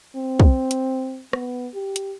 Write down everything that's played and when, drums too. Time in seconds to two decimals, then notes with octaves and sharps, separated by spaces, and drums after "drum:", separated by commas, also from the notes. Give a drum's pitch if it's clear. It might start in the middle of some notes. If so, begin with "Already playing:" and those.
0.16 C4
0.40 drum: kick
0.71 drum: hi-hat
1.33 B3, drum: rim click
1.74 G4
1.96 drum: hi-hat